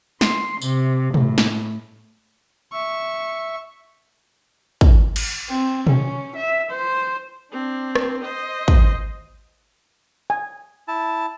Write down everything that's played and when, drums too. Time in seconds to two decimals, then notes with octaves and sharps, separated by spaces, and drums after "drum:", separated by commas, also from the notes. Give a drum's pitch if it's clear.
0.21 C6, drum: snare
0.62 C3, drum: tambourine
1.14 A2, drum: tom
1.38 drum: snare
2.73 E5 C#6
4.81 drum: kick
5.16 drum: cymbal
5.50 C4
5.87 C#4, drum: tom
6.36 E5
6.70 C5
7.51 C4 D4
7.95 drum: rim click
8.23 C5 D#5
8.68 drum: kick
10.30 G#5
10.88 E4 A5